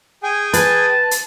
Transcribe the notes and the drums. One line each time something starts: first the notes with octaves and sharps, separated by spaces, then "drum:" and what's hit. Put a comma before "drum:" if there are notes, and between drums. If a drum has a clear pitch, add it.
G#4 G5 G#5
B4 A5, drum: hi-hat
drum: hi-hat